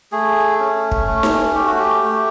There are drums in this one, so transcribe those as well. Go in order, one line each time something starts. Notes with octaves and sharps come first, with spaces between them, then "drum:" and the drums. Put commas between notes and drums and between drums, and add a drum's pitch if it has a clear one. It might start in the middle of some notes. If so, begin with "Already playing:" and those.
A3 G#4
C#4
drum: kick
A3
drum: snare D#4
A3 G4
F#4
G4
A3